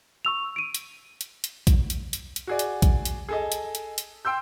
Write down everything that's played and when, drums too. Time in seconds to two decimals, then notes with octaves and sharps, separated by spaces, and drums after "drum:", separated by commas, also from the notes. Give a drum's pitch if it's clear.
0.25 C#6 E6 F7
0.56 D7 D#7
0.75 drum: hi-hat
1.21 drum: hi-hat
1.44 drum: hi-hat
1.67 drum: kick A#1, hi-hat
1.90 drum: hi-hat
2.13 drum: hi-hat
2.36 drum: hi-hat
2.47 F#4 G#4 D5
2.59 drum: hi-hat
2.82 drum: kick A#1, hi-hat
3.05 drum: hi-hat
3.29 G#4 A4 D#5
3.52 drum: hi-hat
3.75 drum: hi-hat
3.98 drum: hi-hat
4.25 G5 C6 E6 G6